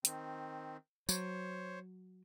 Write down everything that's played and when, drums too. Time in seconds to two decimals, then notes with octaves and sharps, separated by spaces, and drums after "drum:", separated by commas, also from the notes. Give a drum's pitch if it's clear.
0.05 D#3 C4, drum: hi-hat
1.09 F#3 C5 C#5, drum: tambourine